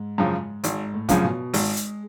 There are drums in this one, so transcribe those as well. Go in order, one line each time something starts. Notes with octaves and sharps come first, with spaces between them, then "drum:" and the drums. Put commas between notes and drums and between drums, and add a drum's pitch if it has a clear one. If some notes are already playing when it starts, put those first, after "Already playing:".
Already playing: G#2
F#2 C#3 F3
G#1 G#2, drum: hi-hat
A2
F#2 C#3 F3, drum: kick, hi-hat
B2
G#1 G#3, drum: open hi-hat
drum: hi-hat